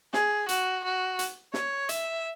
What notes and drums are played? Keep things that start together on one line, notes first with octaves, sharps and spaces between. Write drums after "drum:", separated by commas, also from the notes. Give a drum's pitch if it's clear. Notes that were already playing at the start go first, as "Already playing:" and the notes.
G#4, drum: snare
F#4, drum: hi-hat
F#4
drum: hi-hat
C#5, drum: snare
E5, drum: hi-hat